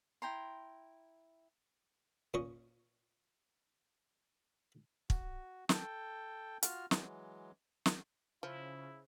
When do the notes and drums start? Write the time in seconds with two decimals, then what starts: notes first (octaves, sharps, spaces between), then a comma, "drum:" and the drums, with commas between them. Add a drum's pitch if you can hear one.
0.22 E4 G5 A#5 C6
2.34 A#2 C#4 D#5 C#6
5.10 F#4, drum: kick
5.69 A4 G5, drum: snare
6.63 F4 F#4 F6, drum: hi-hat
6.91 E3 F#3 G#3, drum: snare
7.86 drum: snare
8.43 C#3 F3 E4